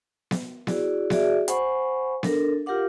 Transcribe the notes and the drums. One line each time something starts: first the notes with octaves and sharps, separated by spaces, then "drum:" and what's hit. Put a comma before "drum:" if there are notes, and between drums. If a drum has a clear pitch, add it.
drum: snare B3
E4 F#4 G#4 D5, drum: snare B3
F#4 G#4 D5 E5, drum: snare B3
C5 F#5 G#5 B5 C#6, drum: hi-hat
D4 A4 A#4, drum: snare B3
F4 G4 A#4 F5 F#5 D6